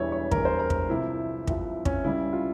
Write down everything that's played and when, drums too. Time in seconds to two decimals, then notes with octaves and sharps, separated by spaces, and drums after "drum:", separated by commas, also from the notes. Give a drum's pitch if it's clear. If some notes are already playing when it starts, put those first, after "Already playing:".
Already playing: E1 E2 E3 G3 C#5 E5
0.12 C#5
0.31 E1 E2 E3 G3 A#4, drum: kick
0.45 C5
0.59 A#4
0.70 drum: kick
0.89 C2 C3 F3 E4
1.47 C2 C3 F3, drum: kick
1.85 C#4, drum: kick
2.04 C#2 C#3 G3 E4
2.33 F4